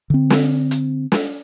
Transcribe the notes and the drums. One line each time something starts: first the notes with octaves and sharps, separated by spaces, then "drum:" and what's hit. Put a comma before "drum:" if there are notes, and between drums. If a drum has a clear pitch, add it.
D3 C4
drum: snare
drum: hi-hat
drum: snare